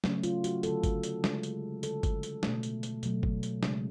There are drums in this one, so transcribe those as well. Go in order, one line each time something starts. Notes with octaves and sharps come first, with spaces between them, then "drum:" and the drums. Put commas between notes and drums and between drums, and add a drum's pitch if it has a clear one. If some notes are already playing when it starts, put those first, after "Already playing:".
C#3 F#3 A3 C#4, drum: snare
F4, drum: hi-hat
F#4, drum: hi-hat
D3 F#3 A3 A4, drum: hi-hat
drum: kick G1, hi-hat
drum: hi-hat
C#3 G#3, drum: snare
drum: hi-hat
D3 G#3 A4, drum: hi-hat
drum: kick G1, hi-hat
drum: hi-hat
B2 A3, drum: snare
drum: hi-hat
drum: hi-hat
B2 F#3 A3, drum: hi-hat
drum: kick G1
drum: hi-hat
C#3 G#3, drum: snare